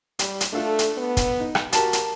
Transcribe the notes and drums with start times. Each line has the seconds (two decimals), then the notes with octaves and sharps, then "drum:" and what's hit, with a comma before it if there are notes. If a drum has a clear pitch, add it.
0.19 G3, drum: hi-hat
0.41 drum: hi-hat
0.53 A3 D4 F4 A4
0.79 drum: hi-hat
0.98 B3
1.17 drum: kick, hi-hat
1.40 D#4
1.55 drum: rim click
1.73 F#4 G4 A#4 A5, drum: hi-hat
1.93 drum: hi-hat